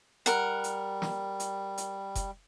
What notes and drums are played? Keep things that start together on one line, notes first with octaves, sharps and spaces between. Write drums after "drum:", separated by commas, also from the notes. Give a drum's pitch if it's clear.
G3 A#4 F#5, drum: hi-hat
drum: hi-hat
drum: snare
drum: hi-hat
drum: hi-hat
drum: kick F1, hi-hat